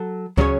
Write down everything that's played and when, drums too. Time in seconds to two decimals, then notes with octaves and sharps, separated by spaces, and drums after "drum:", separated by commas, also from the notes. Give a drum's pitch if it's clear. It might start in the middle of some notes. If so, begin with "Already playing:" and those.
Already playing: F#3 A4
0.37 C#3 F#3 C#4 G#4 C#5, drum: kick